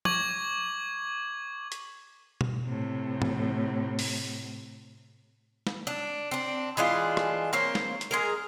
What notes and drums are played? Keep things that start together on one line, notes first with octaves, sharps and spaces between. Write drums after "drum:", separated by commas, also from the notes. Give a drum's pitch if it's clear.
C#6 D6 G#6 F#7, drum: tom
drum: hi-hat
drum: tom B2
A2 C3
drum: tom
drum: open hi-hat
drum: snare
D4
C4 D4
E3 G#3 D4 F4
drum: rim click
A#3 C4 C5 C#5
drum: snare
drum: hi-hat
G#3 G#4 A#4